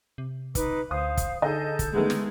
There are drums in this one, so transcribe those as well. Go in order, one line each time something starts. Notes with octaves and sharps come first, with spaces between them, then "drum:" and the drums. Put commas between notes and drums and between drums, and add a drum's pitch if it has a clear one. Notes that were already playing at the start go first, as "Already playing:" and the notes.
C3
D#4 B4 D6, drum: kick, hi-hat
D2 C5 F5 D#6
drum: kick, hi-hat
D3 D#4 G#4 A4 D#5 G6
drum: kick, hi-hat
D#3 G#3 A3 B3
drum: snare